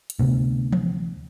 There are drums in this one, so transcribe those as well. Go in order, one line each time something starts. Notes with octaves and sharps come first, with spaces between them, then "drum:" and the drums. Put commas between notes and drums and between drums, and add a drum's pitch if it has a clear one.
drum: hi-hat
D2 C3 B3
drum: tom E3